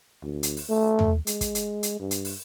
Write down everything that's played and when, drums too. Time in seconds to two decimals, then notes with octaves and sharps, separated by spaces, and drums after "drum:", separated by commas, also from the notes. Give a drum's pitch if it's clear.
0.23 D2
0.43 drum: hi-hat
0.57 drum: open hi-hat
0.69 A3
0.99 drum: tom
1.27 G#3, drum: hi-hat
1.41 drum: kick, hi-hat
1.55 drum: hi-hat
1.83 drum: hi-hat
2.00 G2
2.11 drum: hi-hat
2.25 drum: open hi-hat